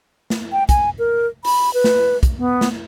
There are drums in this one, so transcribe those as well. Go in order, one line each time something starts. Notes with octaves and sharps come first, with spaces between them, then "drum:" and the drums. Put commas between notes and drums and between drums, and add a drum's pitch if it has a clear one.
drum: snare
G5
G#5, drum: kick, hi-hat
A#4
B5, drum: open hi-hat
B4
drum: snare
drum: kick, hi-hat
B3
drum: snare